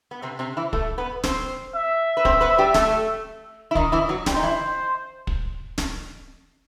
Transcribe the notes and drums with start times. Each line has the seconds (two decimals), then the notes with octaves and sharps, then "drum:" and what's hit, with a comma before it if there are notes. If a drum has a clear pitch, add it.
0.11 B3
0.22 C3 C4
0.39 C3 C4
0.57 E3 E4
0.73 A3 A4, drum: kick
0.98 B3 B4
1.24 C4 C5, drum: snare
1.75 E5
2.17 B4
2.25 C4 C5, drum: kick
2.41 B3 B4
2.58 G3 G4
2.74 A3 A4, drum: snare
3.71 E4
3.75 D#3 D#4 D#5, drum: kick
3.92 E3 E4
4.09 F#3 F#4
4.26 G3 G4 C5, drum: snare
4.36 D#4
4.43 E3 E4
5.27 drum: kick
5.78 drum: snare